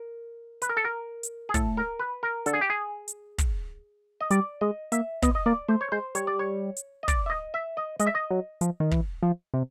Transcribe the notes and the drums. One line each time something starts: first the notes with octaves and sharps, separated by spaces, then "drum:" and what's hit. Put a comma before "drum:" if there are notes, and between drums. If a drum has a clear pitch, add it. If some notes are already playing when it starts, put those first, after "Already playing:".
Already playing: A#4
B4, drum: hi-hat
A#4
A4
A#4
drum: hi-hat
G#4
A2 A4, drum: kick, hi-hat
A#4
B4
A#4
D3 A4, drum: hi-hat
G#4
G4
G#4
drum: hi-hat
drum: kick, hi-hat
D#5
G3 D5, drum: hi-hat
G#3 D#5
A#3 E5, drum: hi-hat
B3 D#5, drum: kick, hi-hat
D#5
A#3 D5
A3 C5
C#5
G#3 C5
G3 C#5, drum: hi-hat
D5
C#5
drum: hi-hat
D#5
D5, drum: kick, hi-hat
E5
D#5
E5
D#5
G#3 D#5, drum: hi-hat
E5
D#5
F#3
F3, drum: hi-hat
D#3
E3, drum: kick
F3
C3